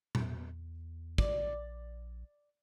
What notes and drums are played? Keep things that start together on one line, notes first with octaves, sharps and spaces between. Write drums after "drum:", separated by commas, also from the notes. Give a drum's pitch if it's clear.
E2, drum: tom A#2
A#1 D5, drum: kick